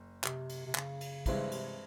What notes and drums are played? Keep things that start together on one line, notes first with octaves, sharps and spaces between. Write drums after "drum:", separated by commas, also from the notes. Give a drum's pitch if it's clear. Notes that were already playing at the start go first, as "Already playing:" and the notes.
Already playing: F#1
C3, drum: clap
drum: cymbal
C3
C#3, drum: clap
drum: cymbal
G2 C#3 E3 G#3 C4 E4, drum: kick, cymbal
C3, drum: cymbal